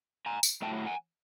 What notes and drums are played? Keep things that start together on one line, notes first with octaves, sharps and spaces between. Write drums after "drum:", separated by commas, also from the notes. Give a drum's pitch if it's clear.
G#5 A#5
drum: tambourine
A2 F#3 A3 G5 A5
F#5 G#5